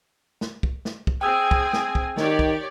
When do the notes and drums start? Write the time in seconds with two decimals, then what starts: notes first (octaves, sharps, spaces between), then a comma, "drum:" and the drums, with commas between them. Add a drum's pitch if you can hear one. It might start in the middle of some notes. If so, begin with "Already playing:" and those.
0.41 drum: snare
0.63 drum: kick
0.85 drum: snare
1.07 drum: kick
1.21 C4 G#4 G5 G#5 E6
1.51 drum: kick
1.73 drum: snare
1.95 drum: kick
2.17 D#3 G4 C#5 D5, drum: snare
2.39 drum: kick